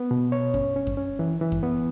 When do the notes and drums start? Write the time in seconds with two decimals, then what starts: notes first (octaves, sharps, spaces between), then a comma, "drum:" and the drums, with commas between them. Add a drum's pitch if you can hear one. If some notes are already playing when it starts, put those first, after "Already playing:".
Already playing: B3
0.11 B2
0.32 C#5
0.54 C#4, drum: kick F#2
0.76 C#4
0.87 drum: kick F#2
0.97 C#4
1.19 E3
1.41 E3
1.52 drum: kick F#2
1.63 B3